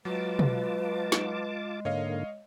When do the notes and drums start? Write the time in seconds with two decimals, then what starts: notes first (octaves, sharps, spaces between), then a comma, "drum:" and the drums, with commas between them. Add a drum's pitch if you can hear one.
0.05 F#3 G#3 F4 B4 A5 D6
0.39 drum: tom B2
1.12 drum: snare
1.85 G#2 D3 A#3 C#5 D#5 F5